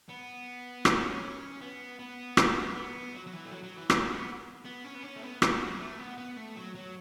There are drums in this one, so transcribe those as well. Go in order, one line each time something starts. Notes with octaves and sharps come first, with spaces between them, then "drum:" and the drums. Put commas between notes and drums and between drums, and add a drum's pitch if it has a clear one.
B3
C#4, drum: rim click
B3
C#4
B3
B3
drum: rim click
B3
F#3
F#3
E3
A3
F#3
F#3
E3
F#3, drum: rim click
B3
B3
C#4
B3
C#4
A3
B3
B3, drum: rim click
F#3
A3
B3
B3
A3
F#3
F#3